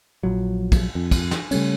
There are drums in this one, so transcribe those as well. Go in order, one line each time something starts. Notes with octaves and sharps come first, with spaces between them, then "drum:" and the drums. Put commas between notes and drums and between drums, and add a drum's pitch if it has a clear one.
A#1 F3 F#3
drum: kick, cymbal
F2
drum: kick, cymbal
drum: snare
C#3 G3 A3 C#4, drum: cymbal